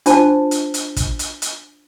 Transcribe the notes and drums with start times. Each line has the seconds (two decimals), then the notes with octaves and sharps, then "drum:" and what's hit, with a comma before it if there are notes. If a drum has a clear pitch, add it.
0.06 D4 F4 C5 A5, drum: hi-hat
0.51 drum: hi-hat
0.74 drum: hi-hat
0.96 drum: kick, hi-hat
1.19 drum: hi-hat
1.42 drum: hi-hat